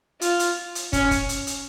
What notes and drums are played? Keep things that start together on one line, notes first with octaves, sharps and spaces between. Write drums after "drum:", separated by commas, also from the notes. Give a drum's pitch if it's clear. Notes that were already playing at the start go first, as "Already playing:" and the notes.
F4, drum: hi-hat
drum: hi-hat
drum: hi-hat
C#4, drum: kick, hi-hat
drum: kick, hi-hat
drum: hi-hat
drum: hi-hat